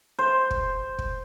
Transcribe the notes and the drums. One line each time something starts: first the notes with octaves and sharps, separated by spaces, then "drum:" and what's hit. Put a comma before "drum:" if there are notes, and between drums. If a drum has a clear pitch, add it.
C5
drum: kick
drum: kick